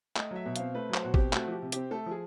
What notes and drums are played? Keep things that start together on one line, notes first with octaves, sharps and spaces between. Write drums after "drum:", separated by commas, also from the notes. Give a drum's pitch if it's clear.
A3 D#5, drum: clap
F#3 E5
B2
C4 F5, drum: hi-hat
A3 B4
F#3
C5, drum: clap
B2 F#4
C4 G4, drum: kick
A3 F#4, drum: clap
F3 G4
C3
C4 G4, drum: hi-hat
A3 A4
F3 G#4